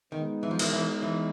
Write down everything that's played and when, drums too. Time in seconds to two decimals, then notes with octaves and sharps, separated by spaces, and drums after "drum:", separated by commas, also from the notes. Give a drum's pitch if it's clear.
0.12 D#3 G#3 B3 D#4
0.43 E3
0.51 F3
0.59 E3, drum: cymbal
0.72 E3
1.03 E3